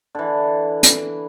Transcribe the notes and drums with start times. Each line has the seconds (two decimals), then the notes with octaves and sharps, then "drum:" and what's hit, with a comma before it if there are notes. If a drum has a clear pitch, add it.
0.15 D3 E3
0.83 drum: hi-hat